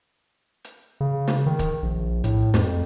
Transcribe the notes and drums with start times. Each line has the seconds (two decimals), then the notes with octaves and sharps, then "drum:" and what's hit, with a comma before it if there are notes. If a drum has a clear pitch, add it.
0.64 drum: hi-hat
1.01 C#3
1.28 drum: snare
1.46 D#3
1.59 drum: kick, hi-hat
1.83 A#1
2.24 A2, drum: hi-hat
2.54 F2, drum: snare